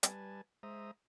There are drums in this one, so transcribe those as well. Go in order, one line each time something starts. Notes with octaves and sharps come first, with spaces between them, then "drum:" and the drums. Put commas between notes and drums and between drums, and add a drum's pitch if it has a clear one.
G3 B4 G#5 A5, drum: hi-hat
G#3 C5 E5 A#5 D#6